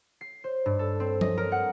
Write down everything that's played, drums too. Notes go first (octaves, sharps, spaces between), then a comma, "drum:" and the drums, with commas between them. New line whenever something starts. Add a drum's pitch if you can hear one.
C7
C5
G2
A4
C4
D#5, drum: tom F3
A#4
F#5